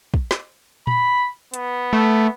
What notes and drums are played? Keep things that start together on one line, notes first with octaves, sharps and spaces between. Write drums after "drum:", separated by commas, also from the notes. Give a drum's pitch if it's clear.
drum: kick
drum: snare
B5, drum: tom A#2
B3, drum: hi-hat
A3